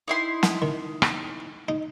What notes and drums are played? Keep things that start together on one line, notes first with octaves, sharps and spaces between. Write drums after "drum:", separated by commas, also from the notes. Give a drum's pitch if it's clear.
D#4 E4 C6
drum: snare
D#3
drum: rim click
D#4